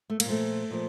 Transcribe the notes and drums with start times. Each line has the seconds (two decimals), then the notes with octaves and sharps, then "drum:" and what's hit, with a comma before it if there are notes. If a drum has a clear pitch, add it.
0.10 A3
0.20 A#3, drum: cymbal
0.25 A#2 F3 A3
0.71 A#2 F3